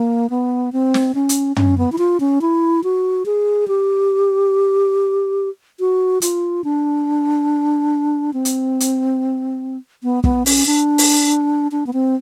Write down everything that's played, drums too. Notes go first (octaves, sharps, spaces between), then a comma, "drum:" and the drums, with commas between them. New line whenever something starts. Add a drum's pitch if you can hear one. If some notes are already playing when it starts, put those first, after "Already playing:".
Already playing: A#3
B3
C4
drum: snare
C#4
drum: hi-hat
C#4, drum: tom
B3
E4
F4
C#4
E4
F#4
G#4
G4
F#4
F4, drum: hi-hat
D4
C4
drum: hi-hat
drum: hi-hat
B3
B3, drum: kick
C#4, drum: open hi-hat
D4
drum: open hi-hat
D4
B3
C4